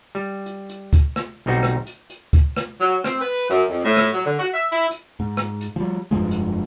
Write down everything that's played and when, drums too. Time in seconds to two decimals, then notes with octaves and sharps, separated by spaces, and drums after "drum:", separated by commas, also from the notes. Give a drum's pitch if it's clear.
0.15 G3
0.46 drum: hi-hat
0.69 drum: hi-hat
0.93 drum: kick, hi-hat
1.16 drum: rim click
1.46 B1 G3 C4 D#4 F#4 C5
1.63 drum: rim click
1.86 drum: hi-hat
2.10 drum: hi-hat
2.33 drum: kick, hi-hat
2.57 drum: rim click
2.81 F#3, drum: hi-hat
3.04 C4, drum: rim click
3.21 B4
3.50 F#2, drum: hi-hat
3.70 F2
3.85 A2
3.97 drum: rim click
4.14 F#3
4.26 D3
4.39 F#4
4.54 E5
4.72 E4
4.91 drum: hi-hat
5.20 G#2
5.37 drum: rim click
5.61 drum: hi-hat
5.76 F3 G3
6.11 F1 G2 F3 G#3
6.31 drum: hi-hat